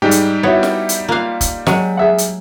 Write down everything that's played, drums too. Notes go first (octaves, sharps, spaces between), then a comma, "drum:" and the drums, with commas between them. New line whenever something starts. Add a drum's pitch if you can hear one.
G#2 G3 D#4 G4
drum: hi-hat
B3 E4 F#4 C#5
drum: snare
drum: hi-hat
A#3 F4 F5 F#6
drum: kick, hi-hat
F#3 G#3, drum: snare
G#4 E5 F#5
drum: hi-hat